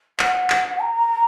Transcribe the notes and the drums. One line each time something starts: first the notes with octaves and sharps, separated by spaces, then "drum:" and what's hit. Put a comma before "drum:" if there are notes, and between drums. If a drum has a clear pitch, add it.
F#5, drum: clap
drum: clap
A#5